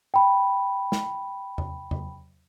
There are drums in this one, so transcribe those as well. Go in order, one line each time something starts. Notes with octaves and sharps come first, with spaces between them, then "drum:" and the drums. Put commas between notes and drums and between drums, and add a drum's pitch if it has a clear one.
G5 B5
drum: snare
drum: tom E2
drum: tom E2